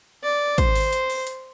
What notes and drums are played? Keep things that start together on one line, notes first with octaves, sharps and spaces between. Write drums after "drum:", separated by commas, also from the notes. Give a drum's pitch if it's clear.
D5
C5, drum: kick, hi-hat
drum: open hi-hat
drum: hi-hat
drum: open hi-hat
drum: hi-hat